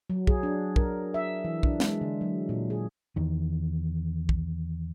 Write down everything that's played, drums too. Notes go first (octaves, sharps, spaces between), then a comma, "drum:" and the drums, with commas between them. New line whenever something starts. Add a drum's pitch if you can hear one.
F#3
G#4, drum: kick
D4
A#4, drum: kick
E5
E3
D4, drum: kick
G#3, drum: snare
D3
F#3
A#2
G#4
E2 D#3
drum: kick